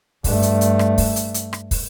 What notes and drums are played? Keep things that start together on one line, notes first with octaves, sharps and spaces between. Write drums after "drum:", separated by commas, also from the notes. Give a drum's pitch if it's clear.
G2 A3, drum: kick, open hi-hat
drum: hi-hat
drum: hi-hat
drum: rim click
drum: kick, open hi-hat
drum: hi-hat
drum: hi-hat
drum: rim click
drum: kick, open hi-hat